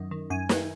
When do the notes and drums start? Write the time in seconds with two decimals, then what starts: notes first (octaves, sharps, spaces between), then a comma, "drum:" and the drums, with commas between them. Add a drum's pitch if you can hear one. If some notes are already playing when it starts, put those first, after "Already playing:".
Already playing: F#2 D#3 D#5
0.11 D#3
0.30 F#2 G#5
0.49 D#3, drum: snare